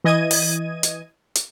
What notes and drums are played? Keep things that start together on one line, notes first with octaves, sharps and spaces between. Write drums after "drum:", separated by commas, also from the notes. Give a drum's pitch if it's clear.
E3 D#5 G#6 D#7
drum: open hi-hat
drum: hi-hat
drum: hi-hat